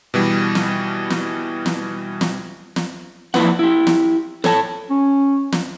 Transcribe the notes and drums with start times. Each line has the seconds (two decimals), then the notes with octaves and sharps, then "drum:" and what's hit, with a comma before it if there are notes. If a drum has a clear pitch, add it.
0.14 B2 E3 G3
0.55 drum: snare
1.10 drum: snare
1.66 drum: snare
2.21 drum: snare
2.76 drum: snare
3.34 F3 A#3 E4 B4 F#5, drum: snare
3.59 E4 G4
3.87 drum: snare
4.44 A4 C#5 G#5 A5, drum: snare
4.90 C#4
5.52 drum: snare